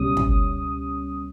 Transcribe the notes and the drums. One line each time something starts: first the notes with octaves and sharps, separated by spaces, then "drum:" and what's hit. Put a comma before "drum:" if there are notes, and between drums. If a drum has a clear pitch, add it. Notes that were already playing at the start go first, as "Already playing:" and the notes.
Already playing: C#2 B2 G3 C#4 D#6
drum: kick